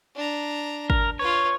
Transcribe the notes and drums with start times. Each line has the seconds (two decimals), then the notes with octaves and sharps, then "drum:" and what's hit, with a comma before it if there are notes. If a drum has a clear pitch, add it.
0.15 D4 A#5
0.90 A#4, drum: kick
1.19 F4 B4 C#5